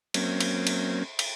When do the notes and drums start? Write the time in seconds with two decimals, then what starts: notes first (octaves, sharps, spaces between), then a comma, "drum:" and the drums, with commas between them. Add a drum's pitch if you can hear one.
0.14 F#3 A#3 C4 C#4, drum: cymbal
0.40 drum: cymbal
0.67 drum: cymbal
1.19 drum: cymbal